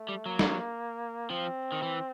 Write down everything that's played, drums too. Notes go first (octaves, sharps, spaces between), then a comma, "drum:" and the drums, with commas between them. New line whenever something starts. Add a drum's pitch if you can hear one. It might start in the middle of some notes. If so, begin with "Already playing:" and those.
Already playing: A3
G3
F#3 A#3
drum: snare
F3 C4
D#3
E3